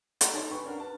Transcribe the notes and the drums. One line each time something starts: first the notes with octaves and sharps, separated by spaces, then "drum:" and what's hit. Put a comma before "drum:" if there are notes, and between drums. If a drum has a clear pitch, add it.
D5 D#5 A#5, drum: hi-hat
D#4 A4 C#5 G#5 A5 C6
B4 G5 B5 C#6
C#4 D4 A#4 F#5
B4 A5